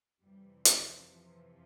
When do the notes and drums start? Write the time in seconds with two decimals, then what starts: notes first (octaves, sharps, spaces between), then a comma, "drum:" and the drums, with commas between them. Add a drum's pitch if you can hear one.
0.21 F2 C3 E3 G3
0.65 F3, drum: hi-hat
1.10 F3